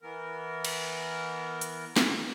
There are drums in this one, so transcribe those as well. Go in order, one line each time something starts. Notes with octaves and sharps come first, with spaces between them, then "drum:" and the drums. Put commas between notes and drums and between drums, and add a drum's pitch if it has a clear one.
E3 B3 A#4
drum: cymbal
drum: hi-hat
drum: snare